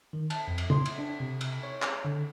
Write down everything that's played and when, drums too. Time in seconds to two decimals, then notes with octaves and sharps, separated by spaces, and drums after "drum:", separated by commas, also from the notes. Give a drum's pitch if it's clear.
0.13 D#3
0.30 A5, drum: cymbal
0.48 F2
0.58 drum: cymbal
0.70 C6, drum: tom
0.85 drum: cymbal
0.98 D4
1.20 C3
1.41 drum: cymbal
1.63 C#5
1.82 drum: clap
2.05 D3